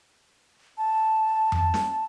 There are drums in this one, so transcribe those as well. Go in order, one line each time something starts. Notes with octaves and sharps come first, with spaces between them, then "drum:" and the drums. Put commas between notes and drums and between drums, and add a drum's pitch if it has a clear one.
A5
drum: tom F2
drum: snare